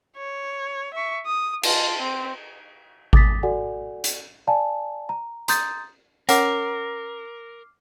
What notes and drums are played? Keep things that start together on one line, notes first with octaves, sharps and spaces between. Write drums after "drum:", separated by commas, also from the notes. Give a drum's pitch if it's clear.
C#5
E5 C#6
D#6
F4 A5, drum: cymbal
C4
D6 D#6 A6 B6, drum: kick G#1
F#4 A4 D5 F#5 G#5
drum: hi-hat
D5 F5 G#5 A5
A#5
A#5 C6 D#6 G6 A6, drum: hi-hat
C#4 A#4 F#5 D6 F6 C7, drum: hi-hat